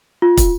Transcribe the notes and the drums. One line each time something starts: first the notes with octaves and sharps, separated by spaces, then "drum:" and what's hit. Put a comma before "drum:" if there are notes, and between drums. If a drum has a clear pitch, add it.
F4
drum: kick, hi-hat